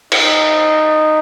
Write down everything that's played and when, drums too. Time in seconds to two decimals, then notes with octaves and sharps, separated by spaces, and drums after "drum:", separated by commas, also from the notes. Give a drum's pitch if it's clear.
0.12 D#4, drum: cymbal